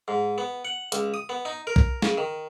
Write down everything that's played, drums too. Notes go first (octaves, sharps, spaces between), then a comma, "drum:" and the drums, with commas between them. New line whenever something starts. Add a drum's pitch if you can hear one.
G#2
B3
F#5
C#2, drum: hi-hat
D#6
B3
D#4
A#4
drum: kick B1
C#3, drum: snare
D#3